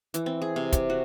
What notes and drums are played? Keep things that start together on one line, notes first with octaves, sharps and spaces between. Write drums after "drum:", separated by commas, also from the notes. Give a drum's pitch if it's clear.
E3, drum: hi-hat
C4
G#4
C3
G4, drum: kick, hi-hat
F#4